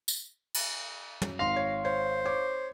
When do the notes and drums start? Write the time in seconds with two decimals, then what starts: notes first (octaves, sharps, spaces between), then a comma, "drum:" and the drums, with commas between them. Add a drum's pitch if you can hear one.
0.08 drum: tambourine
0.54 drum: cymbal
1.22 F#2, drum: tom
1.39 G#1 F5 C6 A#6
1.56 C#5
1.85 C5 C#5
2.25 C#5 D6